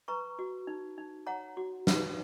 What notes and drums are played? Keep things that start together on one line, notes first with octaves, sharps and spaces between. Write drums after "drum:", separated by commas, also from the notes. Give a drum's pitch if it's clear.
B4 A#5 C#6
F#4
D#4
D#4
C#5 F#5 A#5
F#4
B4, drum: snare